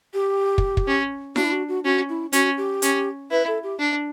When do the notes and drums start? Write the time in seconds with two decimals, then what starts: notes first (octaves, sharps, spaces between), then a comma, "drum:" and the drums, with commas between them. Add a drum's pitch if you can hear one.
0.14 G4
0.58 drum: kick
0.77 drum: kick
0.87 C#4
1.36 D4 F#4, drum: snare E4
1.44 E4
1.52 F#4
1.68 F#4
1.84 C#4 F#4
2.09 E4
2.33 C#4 F#4, drum: hi-hat
2.57 G4
2.82 C#4, drum: hi-hat
3.31 E4 B4
3.47 A4
3.63 G4
3.79 D4